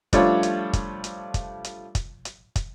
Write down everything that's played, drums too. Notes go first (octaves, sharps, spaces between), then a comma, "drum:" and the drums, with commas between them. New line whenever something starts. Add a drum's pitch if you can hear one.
F3 G3 A3 D4 F4 C#5, drum: kick, hi-hat
drum: hi-hat
drum: kick, hi-hat
drum: hi-hat
drum: kick, hi-hat
drum: hi-hat
drum: kick, hi-hat
drum: hi-hat
drum: kick, hi-hat